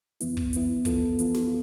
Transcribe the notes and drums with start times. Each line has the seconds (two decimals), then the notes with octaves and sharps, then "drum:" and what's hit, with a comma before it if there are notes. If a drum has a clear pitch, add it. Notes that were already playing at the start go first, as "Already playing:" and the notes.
0.20 F2 E3 B3 E4, drum: hi-hat
0.37 drum: kick
0.53 F2 E3 B3 E4, drum: hi-hat
0.85 F2 E3 B3 F4 A4, drum: kick, hi-hat
1.19 F2 E3 B3 F4 A4, drum: hi-hat
1.34 drum: snare